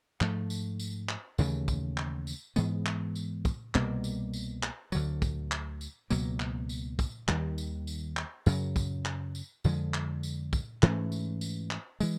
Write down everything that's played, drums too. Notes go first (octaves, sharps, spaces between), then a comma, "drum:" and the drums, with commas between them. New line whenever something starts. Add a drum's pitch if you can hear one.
G#2 F3 A3, drum: clap
drum: tambourine
drum: tambourine
drum: clap
D#2 C#3 E3 A3, drum: tambourine
drum: kick, tambourine
drum: clap
drum: tambourine
G#2 E3 G#3 B3, drum: tambourine
drum: clap
drum: tambourine
drum: kick, tambourine
C2 B2 G3 A#3, drum: clap
drum: tambourine
drum: tambourine
drum: clap
D2 D3 F#3, drum: tambourine
drum: kick, tambourine
drum: clap
drum: tambourine
C#2 B2 F#3 A#3, drum: tambourine
drum: clap
drum: tambourine
drum: kick, tambourine
D#2 D#3 G3, drum: clap
drum: tambourine
drum: tambourine
drum: clap
F#2 C#3 F#3, drum: tambourine
drum: kick, tambourine
drum: clap
drum: tambourine
F2 D3 F3 G#3, drum: tambourine
drum: clap
drum: tambourine
drum: kick, tambourine
G#2 E3 A3 C#4, drum: clap
drum: tambourine
drum: tambourine
drum: clap
E3 G#3, drum: tambourine